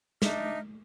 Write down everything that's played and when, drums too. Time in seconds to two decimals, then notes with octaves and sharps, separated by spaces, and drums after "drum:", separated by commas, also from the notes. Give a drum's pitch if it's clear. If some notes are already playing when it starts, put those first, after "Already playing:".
0.22 D4 D#4 E5 F6, drum: snare